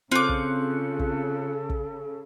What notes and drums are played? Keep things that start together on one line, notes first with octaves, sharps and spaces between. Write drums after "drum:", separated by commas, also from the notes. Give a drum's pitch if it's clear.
C#3 C4 F4 A4 D6 F#6 C#7
drum: kick
drum: kick
drum: kick